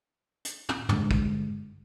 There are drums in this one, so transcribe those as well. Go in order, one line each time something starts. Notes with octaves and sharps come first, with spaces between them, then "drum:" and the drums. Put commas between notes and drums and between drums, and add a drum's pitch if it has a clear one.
drum: hi-hat
drum: tom
G2 D3 G#3, drum: tom
drum: kick